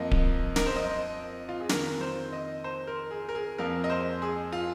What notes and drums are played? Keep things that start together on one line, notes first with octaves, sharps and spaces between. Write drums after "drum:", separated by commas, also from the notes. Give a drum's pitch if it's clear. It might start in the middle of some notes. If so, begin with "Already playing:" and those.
Already playing: F2 F3 A#3 D#5
drum: kick D1
A#4, drum: snare
C5
D#5
F4
G#4
F2 D#3 A#3 A#4, drum: snare
C5
D#5
C5
A#4
G#4
A#4
G#4
F2 F3 A#3 A#4
D#5
C5
G#4
F4